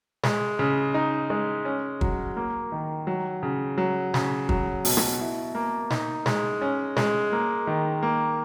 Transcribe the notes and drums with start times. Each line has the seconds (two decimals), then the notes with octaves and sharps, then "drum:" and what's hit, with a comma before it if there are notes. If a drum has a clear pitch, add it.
0.24 G#3, drum: snare
0.59 C#3
0.94 D#4
1.30 G#3
1.65 C#4
2.01 F#3, drum: kick
2.37 A#3
2.72 D#3
3.07 F#3
3.43 C#3
3.78 F#3
4.14 C#3, drum: snare
4.49 F#3, drum: kick
4.85 B2, drum: open hi-hat
4.97 drum: rim click
5.20 E4
5.55 A#3
5.91 D#4, drum: snare
6.26 G#3, drum: snare
6.61 C#4
6.97 G#3, drum: snare
7.32 A#3
7.67 D#3
8.03 A#3